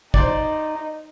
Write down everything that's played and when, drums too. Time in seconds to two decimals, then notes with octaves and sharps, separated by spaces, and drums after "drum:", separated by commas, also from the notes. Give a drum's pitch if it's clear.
0.14 D#4 C5 D5, drum: kick